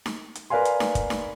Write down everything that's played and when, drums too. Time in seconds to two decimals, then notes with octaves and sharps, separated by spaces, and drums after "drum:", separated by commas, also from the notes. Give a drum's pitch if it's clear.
0.06 drum: snare D#4
0.35 drum: hi-hat
0.50 A#4 B4 D5 F5 G#5 C6
0.65 drum: hi-hat
0.80 drum: snare D#4
0.95 drum: kick G1, hi-hat
1.10 drum: snare D#4